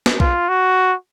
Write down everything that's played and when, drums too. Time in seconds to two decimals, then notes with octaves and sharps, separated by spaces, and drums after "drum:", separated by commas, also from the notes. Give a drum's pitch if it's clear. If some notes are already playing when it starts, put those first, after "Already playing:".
0.06 drum: snare
0.20 F4, drum: kick B1
0.48 F#4